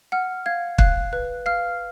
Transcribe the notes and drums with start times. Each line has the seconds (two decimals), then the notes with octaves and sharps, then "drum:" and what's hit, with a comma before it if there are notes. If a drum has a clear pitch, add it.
0.12 F#5 F6
0.46 F5 G#6
0.78 F5 F#6, drum: kick
1.13 B4 F#6
1.46 F5 F6